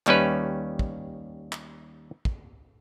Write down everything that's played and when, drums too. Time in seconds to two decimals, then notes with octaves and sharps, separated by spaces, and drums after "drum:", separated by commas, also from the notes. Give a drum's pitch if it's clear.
0.06 D#2 G3 C#4 B4, drum: clap
0.79 drum: kick
1.52 drum: clap
2.25 drum: kick